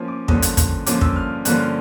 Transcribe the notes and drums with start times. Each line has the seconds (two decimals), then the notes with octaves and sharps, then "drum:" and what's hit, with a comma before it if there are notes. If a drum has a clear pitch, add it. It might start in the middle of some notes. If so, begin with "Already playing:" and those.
Already playing: F3 A#3 C#4
0.08 D6
0.28 G2 D3 F3 A#3 C#4 D#6, drum: kick
0.42 drum: hi-hat
0.57 drum: kick, hi-hat
0.86 G2 D3 F3 A#3 C#4 D6, drum: hi-hat
1.01 E6, drum: kick
1.16 F6
1.45 G2 D3 F3 A#3 C#4 F#6, drum: hi-hat
1.60 F6